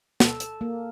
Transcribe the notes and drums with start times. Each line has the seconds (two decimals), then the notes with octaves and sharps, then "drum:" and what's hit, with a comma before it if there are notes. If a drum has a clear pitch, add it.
0.20 A4, drum: snare
0.40 drum: hi-hat
0.61 A#3